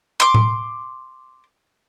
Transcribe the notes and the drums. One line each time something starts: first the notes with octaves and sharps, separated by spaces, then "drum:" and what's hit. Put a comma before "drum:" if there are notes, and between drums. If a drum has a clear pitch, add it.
C6 D6
drum: tom A2